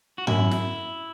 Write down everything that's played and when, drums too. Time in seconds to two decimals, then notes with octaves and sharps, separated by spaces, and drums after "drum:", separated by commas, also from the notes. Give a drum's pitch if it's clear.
0.18 F#4
0.27 F#2 E4, drum: tom G#2
0.51 drum: snare